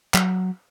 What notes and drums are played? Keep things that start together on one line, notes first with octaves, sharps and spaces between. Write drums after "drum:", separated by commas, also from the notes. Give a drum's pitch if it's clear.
F#3, drum: clap